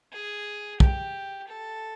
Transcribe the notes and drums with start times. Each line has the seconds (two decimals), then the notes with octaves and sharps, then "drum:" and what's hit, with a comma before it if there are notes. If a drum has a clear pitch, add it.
0.12 G#4
0.80 G4, drum: kick
1.48 A4